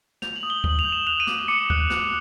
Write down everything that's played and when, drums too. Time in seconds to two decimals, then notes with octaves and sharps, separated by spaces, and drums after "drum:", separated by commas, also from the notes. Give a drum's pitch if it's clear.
0.22 G6 F7, drum: snare
0.36 F#7
0.43 D#6
0.50 G7
0.64 D#6 F#7, drum: kick D2
0.79 F7
0.85 G6
0.92 E7
1.06 F#6 F7
1.20 D#7
1.27 D6, drum: snare
1.35 D#7
1.48 D6 C#7
1.70 F#6, drum: kick D2
1.90 F#6, drum: snare